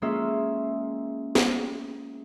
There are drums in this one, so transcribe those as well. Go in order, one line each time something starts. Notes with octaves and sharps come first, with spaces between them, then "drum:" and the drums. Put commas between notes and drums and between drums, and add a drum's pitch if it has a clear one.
G#3 A#3 C#4 F4 G#4 E5
drum: snare